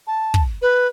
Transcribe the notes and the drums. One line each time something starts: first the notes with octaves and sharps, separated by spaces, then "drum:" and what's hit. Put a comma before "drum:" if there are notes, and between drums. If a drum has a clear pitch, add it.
A5
drum: kick
B4